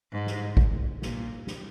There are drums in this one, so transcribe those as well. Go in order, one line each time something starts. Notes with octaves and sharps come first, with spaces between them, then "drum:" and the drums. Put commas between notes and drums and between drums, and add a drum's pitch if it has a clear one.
G#2
drum: snare
drum: kick
A#2, drum: snare
drum: snare